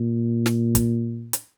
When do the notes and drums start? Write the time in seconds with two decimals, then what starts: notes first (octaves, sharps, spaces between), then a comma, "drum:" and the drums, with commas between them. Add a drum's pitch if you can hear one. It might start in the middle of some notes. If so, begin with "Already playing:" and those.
Already playing: A#2
0.46 drum: snare
0.75 drum: kick, hi-hat
1.33 drum: hi-hat